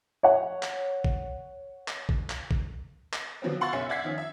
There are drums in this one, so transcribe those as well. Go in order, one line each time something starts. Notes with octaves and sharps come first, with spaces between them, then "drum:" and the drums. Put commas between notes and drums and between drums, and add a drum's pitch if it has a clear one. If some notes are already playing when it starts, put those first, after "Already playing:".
C#5 F#5
drum: clap
drum: kick
drum: clap
drum: kick
drum: clap
drum: kick
drum: clap
D3 F3 F#3 B3 C4
F5 F#5 C6 C#6 E6 A6
F#1 B1 C#4 G#4 E5 C#7
D5 E5 F#5 G#6 B6 C7
D#3 F3 C#4
E5